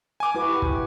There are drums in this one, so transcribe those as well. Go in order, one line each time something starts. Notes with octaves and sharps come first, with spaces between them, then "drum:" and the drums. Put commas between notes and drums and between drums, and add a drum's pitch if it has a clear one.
G#5 D6
E4 F#4 B4
G4
drum: kick